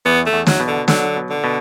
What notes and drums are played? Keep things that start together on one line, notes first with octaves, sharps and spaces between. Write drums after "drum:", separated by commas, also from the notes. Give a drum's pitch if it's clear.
E2 B3
A3
E2
F#3, drum: snare
B2
D3
D3 F#3, drum: snare
B2
D3
B2